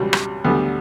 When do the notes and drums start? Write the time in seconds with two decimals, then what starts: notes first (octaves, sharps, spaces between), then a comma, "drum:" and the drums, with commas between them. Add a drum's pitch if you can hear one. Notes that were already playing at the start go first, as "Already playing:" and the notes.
Already playing: C#2 B2 G3
0.13 drum: rim click
0.44 D2 D3 G3 B3